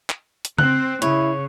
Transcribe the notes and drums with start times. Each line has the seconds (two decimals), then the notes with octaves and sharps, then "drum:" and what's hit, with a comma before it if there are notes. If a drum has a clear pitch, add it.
0.10 drum: clap
0.45 drum: hi-hat
0.58 C4 F#6, drum: tom C#3
1.02 C#3 E4 C#5, drum: hi-hat